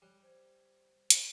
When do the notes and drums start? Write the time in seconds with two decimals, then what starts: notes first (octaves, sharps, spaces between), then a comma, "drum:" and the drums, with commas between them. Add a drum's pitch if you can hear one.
0.02 G3 C#5 F#6
0.23 C5 G#6
1.10 drum: hi-hat